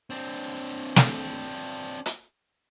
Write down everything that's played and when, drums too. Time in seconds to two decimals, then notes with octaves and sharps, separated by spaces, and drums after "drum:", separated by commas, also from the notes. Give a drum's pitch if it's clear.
0.10 C4 D4
0.96 drum: snare
2.06 drum: hi-hat